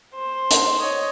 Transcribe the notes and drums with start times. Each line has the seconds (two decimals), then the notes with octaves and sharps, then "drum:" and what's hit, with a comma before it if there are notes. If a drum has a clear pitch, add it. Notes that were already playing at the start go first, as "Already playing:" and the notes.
0.14 C5
0.51 drum: hi-hat
0.80 C#5 D#5